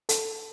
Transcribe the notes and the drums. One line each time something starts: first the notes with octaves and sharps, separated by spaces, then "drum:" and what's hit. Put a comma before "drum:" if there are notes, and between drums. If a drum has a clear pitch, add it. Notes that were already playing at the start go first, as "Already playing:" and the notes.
A4, drum: hi-hat